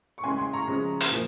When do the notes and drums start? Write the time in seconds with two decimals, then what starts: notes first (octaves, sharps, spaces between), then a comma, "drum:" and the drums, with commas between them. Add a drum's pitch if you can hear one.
0.18 C#6
0.24 C#3 G#3 G#5 C6
0.39 G#5 C6
0.53 A#5 C#6
0.68 C#3 F3 G#3
1.00 drum: hi-hat
1.11 A#2 F3